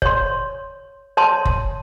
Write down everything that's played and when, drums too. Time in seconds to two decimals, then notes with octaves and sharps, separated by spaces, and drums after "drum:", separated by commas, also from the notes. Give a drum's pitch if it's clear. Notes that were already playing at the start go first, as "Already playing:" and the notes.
0.02 C#5 C6, drum: kick F#1
1.17 C#5 A5 C6
1.45 drum: kick F#1